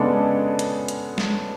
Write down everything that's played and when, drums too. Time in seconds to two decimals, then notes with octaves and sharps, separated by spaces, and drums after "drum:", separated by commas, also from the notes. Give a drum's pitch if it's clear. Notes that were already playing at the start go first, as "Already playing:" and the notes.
Already playing: C#3 G#3 B3 D4 A4
0.59 drum: hi-hat
0.88 drum: hi-hat
1.18 drum: snare